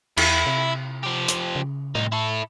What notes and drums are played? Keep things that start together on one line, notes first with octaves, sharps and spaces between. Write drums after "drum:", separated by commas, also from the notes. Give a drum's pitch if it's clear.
E2 E4, drum: cymbal
C3
F3 G4
drum: hi-hat
C#3
C2 A2 D#4
E4 A4